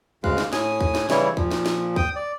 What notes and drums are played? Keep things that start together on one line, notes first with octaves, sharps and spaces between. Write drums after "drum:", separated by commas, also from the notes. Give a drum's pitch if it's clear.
D2 C#3 G#3 F5 F#6, drum: kick
drum: snare
A2 G#5 D#6, drum: snare
drum: kick
drum: snare
C#3 E3 G3 E4 C#5, drum: snare
A#2 F3, drum: kick
drum: snare
drum: snare
G5 D#6, drum: kick
D5